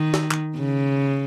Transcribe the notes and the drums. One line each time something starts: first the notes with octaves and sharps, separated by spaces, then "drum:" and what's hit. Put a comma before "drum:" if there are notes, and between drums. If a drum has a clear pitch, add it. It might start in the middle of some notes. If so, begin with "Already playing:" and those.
Already playing: D#3
drum: snare
drum: clap
C#3